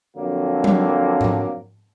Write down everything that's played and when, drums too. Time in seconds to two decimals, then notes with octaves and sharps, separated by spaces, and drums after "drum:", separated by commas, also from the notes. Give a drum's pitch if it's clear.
0.17 F2 D3 F#3 A#3
0.64 drum: tom F#3
1.21 drum: tom G#2